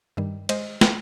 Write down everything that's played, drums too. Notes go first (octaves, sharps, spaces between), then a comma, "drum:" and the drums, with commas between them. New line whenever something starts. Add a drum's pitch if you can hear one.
G2 D#3 G3
G#3 C5 D#5, drum: cymbal
drum: snare